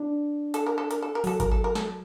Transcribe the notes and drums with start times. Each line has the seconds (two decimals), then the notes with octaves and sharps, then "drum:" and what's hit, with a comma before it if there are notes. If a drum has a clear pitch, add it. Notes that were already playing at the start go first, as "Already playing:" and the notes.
Already playing: D4
0.54 A4, drum: hi-hat
0.66 A#4
0.78 A4
0.91 A#4, drum: hi-hat
1.02 A4
1.15 A#4
1.24 F#3 A4, drum: open hi-hat
1.40 A#4, drum: kick G#1, hi-hat
1.51 A4
1.64 A#4
1.75 A4, drum: snare